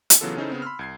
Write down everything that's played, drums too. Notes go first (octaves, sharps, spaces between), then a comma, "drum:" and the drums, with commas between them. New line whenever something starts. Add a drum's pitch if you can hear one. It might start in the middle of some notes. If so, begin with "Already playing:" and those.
drum: hi-hat
C#3 E3 F#3 B3 F4 A4
C#3 C#4 D#4 E4 A4 C5
C#3 B3 C4
B5 C6 E6 F6
C2 G#6 C7